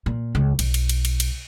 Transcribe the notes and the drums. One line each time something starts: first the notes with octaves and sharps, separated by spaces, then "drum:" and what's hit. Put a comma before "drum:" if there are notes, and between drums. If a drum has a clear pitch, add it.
A#2
C#2
B1, drum: cymbal
drum: cymbal
drum: cymbal
drum: cymbal
drum: cymbal